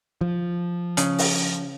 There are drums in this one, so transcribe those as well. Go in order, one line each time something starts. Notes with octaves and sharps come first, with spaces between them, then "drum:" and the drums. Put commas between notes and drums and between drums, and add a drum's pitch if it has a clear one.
F3
C#3, drum: hi-hat
drum: open hi-hat